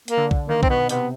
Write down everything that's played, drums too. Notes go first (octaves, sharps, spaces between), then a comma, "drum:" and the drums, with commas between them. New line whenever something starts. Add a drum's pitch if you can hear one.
A#3, drum: hi-hat
D3
drum: kick B1
D#3 A#3
C4, drum: kick B1
B2 B3
C3 B3, drum: hi-hat